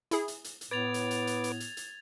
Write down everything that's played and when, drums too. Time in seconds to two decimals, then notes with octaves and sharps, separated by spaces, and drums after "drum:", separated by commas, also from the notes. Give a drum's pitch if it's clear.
0.11 E4 G#4, drum: hi-hat
0.28 drum: hi-hat
0.44 drum: hi-hat
0.61 drum: hi-hat
0.71 A2 B3 B4 D6 G#6 A6 F7
0.94 drum: hi-hat
1.11 drum: hi-hat
1.27 drum: hi-hat
1.44 drum: hi-hat
1.60 drum: hi-hat
1.77 drum: hi-hat